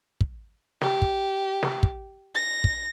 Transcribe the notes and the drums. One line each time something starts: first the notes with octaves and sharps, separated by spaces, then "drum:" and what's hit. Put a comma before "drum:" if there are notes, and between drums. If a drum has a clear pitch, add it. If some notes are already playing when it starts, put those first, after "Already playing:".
drum: kick
G4, drum: snare
drum: kick
drum: snare
drum: kick
A#6
drum: kick